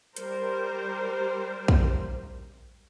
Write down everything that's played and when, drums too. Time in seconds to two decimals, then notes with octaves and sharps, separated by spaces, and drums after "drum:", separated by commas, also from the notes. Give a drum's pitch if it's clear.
0.16 G3 A#4 C5, drum: hi-hat
1.68 drum: kick